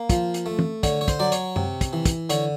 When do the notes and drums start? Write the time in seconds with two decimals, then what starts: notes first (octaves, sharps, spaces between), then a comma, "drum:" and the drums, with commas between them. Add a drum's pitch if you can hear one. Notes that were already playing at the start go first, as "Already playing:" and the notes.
Already playing: A#3
0.10 F3, drum: kick, hi-hat
0.34 drum: hi-hat
0.46 A3
0.59 drum: tom
0.83 D3 C#5, drum: kick, hi-hat
1.01 C#5
1.08 C5, drum: kick, hi-hat
1.20 F#3 D5
1.32 C#5, drum: hi-hat
1.56 C3, drum: tom F#2
1.81 drum: kick, hi-hat
1.93 E3
2.05 drum: kick, hi-hat
2.30 D3 C#5, drum: hi-hat